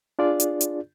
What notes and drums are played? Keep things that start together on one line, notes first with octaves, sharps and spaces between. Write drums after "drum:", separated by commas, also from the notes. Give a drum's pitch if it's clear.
D4 F4 G#4 D5
drum: hi-hat
drum: hi-hat